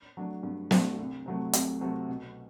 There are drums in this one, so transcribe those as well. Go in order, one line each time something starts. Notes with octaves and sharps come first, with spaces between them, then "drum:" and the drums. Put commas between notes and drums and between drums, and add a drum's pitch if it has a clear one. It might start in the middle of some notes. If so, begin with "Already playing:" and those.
F#3 A3 D4
G2
F#3 A3 D4, drum: snare
C2
C3 F#3 A3
C2, drum: hi-hat
C3 F#3 A3
B2